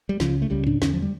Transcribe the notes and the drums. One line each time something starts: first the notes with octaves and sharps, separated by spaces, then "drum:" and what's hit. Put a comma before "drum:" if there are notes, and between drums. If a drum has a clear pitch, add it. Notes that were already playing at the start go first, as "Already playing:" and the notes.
G3
C#2 C#3 F3, drum: snare
A3
C#2 C#3 G3
D4, drum: tom G#2
E2 D3 C#4, drum: snare
F3
G3